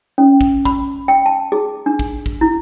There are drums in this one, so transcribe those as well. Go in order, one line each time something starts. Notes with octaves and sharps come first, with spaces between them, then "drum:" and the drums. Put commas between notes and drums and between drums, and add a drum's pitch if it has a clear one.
C#4
drum: kick
B5, drum: kick
G5
A5
G#4
D4
drum: kick
drum: kick
E4